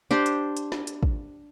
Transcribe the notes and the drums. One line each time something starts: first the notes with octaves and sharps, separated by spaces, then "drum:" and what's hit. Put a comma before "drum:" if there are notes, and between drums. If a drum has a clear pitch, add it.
D4 G4 C5
drum: hi-hat
drum: hi-hat
drum: snare
drum: hi-hat
drum: kick